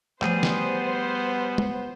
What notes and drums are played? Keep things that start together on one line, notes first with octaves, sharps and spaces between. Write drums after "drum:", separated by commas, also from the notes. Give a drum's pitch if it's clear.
F3 G3 A3 B3 G#4 C5, drum: clap
drum: snare
drum: tom